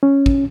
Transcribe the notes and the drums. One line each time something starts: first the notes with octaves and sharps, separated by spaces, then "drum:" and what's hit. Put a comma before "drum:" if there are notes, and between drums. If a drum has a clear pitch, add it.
C#4
drum: kick